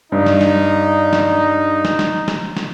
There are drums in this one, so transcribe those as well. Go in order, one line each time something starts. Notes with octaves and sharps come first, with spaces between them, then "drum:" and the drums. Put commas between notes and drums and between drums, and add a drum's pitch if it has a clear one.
G2 D#4
drum: snare
drum: snare
drum: snare
drum: snare
drum: snare
drum: snare
drum: snare